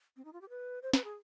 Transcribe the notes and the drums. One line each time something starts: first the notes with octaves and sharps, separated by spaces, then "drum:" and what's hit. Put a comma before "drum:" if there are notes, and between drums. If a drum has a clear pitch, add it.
C4
D#4
F4
G4
B4
C5
B4, drum: snare
G#4